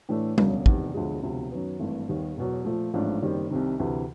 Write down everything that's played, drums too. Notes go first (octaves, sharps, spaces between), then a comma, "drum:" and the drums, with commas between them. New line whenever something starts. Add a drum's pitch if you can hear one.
A2 E3 A3 D4
E1 D2 C#3 F#3, drum: tom G3
F1 E2 C3 D#3, drum: kick
E1 D2 D3 F3 G#3
E1 D2 C3 F3
F#2 D#3 F#3 B3
G#1 G2 E3 A3
D#2 D#3 G3 B3
E1 E2 B2 F#3
A#2 F3 A3
A1 G#2 F3 A3 D4
F#1 F#2 D#3 G3 C4
C2 C3 D#3
D2 C3 E3